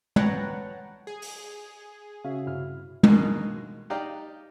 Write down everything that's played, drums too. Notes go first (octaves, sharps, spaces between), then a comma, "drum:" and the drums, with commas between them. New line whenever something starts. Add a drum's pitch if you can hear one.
B4 C#5 F#5 G5 A5 A#5, drum: tom
G#4
drum: open hi-hat
C#3 C#4 F#4 E5 F5
G2 C3 E4 F6
B2 D3 D#3 G#3 A#3, drum: tom
D#4 G4 D5 F5 G5 A#5